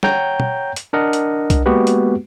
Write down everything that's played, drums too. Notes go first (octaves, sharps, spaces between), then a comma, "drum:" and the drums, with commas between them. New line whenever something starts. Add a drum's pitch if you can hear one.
C#5 F#5 G5 A#5 G6, drum: snare
drum: tom
drum: hi-hat
D4 A#4 D#5 F#5
drum: hi-hat
drum: kick C2, hi-hat
G#3 A#3 B3 F#4 G4 B4
drum: hi-hat